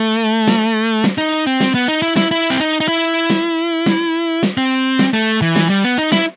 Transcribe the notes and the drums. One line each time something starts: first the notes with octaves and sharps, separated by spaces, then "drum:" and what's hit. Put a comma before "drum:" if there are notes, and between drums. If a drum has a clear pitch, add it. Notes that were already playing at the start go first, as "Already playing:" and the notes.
Already playing: A3
drum: hi-hat
drum: snare
drum: hi-hat
drum: snare
D#4
drum: hi-hat
C4
drum: snare
B3
D#4, drum: hi-hat
E4
E4, drum: snare
E4
C4
D#4
D#4
E4
drum: hi-hat
drum: snare
drum: hi-hat
drum: snare
drum: hi-hat
drum: snare
C4
drum: hi-hat
drum: snare
A3
drum: hi-hat
E3
drum: snare
G3
B3, drum: hi-hat
D#4
E4, drum: snare